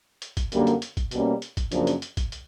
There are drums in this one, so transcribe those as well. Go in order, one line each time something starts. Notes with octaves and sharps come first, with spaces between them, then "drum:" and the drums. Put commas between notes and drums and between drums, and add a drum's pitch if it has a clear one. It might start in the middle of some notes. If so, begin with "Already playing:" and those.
drum: hi-hat
drum: kick, hi-hat
F#2 D3 G3 A#3 D4, drum: hi-hat
drum: hi-hat
drum: hi-hat
drum: kick, hi-hat
B2 G3 A#3 C#4, drum: hi-hat
drum: hi-hat
drum: kick, hi-hat
F#2 C#3 F3 A#3 D4, drum: hi-hat
drum: hi-hat
drum: hi-hat
drum: kick, hi-hat
drum: hi-hat